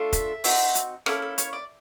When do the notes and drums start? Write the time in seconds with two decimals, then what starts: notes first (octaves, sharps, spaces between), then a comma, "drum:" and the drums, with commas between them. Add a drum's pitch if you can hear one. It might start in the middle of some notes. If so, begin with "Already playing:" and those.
Already playing: A3 D4 F4 A4
0.13 E5, drum: kick, hi-hat
0.44 C4 D#4 F#4, drum: open hi-hat
0.75 drum: hi-hat
1.06 A#3 C#4 E4 A4 A#4, drum: rim click
1.22 A4
1.38 C#5, drum: hi-hat
1.53 D5